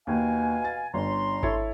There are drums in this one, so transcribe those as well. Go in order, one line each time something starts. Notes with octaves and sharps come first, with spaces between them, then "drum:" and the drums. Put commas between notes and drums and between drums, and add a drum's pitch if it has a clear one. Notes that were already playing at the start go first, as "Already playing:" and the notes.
D#2 B2 F5 G#5
A6
G1 C#4 A#5 C6
E4 A4 C#5, drum: kick G#1